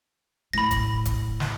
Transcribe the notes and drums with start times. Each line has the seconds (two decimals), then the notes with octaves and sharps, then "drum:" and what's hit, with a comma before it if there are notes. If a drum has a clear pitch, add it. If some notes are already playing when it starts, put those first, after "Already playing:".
0.53 A2 B5 A#6
0.71 drum: kick, hi-hat
1.05 drum: kick, hi-hat
1.40 drum: snare